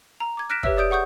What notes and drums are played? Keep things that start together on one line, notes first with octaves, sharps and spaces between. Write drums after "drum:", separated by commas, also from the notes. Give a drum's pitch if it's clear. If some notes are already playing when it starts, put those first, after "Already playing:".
A#5
D6 G#6
F6 F#6 A#6 B6 D7 E7
G4 B4 C#5 E5 E6, drum: kick
G4 D5 D#6 G6 D7
G#4 F#5 C#6 D#6 G6